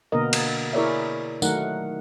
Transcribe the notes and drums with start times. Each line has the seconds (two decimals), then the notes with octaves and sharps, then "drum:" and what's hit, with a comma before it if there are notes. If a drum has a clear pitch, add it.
0.12 B2 D3 A#3 B3 A#4 D#5
0.33 drum: cymbal
0.73 E4 G#4 A#4 C#5 D5 E5
1.42 D#3 F#3 A3 D#4 A#4 F#5, drum: tambourine